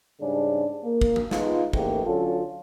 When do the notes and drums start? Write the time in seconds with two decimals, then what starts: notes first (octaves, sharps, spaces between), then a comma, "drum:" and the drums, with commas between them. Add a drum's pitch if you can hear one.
0.21 G#2 C#3 G3 C#4 D4
0.84 A#3
1.01 drum: kick
1.16 drum: tom
1.31 G#3 B3 D#4 F4, drum: snare
1.73 A1 E2 G#2 A3 A#3 G4, drum: kick
2.05 D3 F#3 C#4 F4 A4